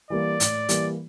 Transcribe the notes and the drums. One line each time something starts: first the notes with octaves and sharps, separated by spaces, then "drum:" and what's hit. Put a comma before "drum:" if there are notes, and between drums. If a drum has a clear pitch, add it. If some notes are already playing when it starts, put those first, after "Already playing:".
E3 G3 A#3 D5
A2, drum: hi-hat
E3 G3 A#3, drum: hi-hat